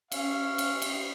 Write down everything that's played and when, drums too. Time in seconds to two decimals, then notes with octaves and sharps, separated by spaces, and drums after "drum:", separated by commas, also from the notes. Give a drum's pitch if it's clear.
0.12 C#4 E5 F5, drum: cymbal
0.58 drum: cymbal
0.82 drum: cymbal